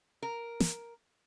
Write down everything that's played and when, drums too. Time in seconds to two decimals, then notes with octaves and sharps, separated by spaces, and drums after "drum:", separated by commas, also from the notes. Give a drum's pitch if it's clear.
0.22 A#4
0.60 drum: snare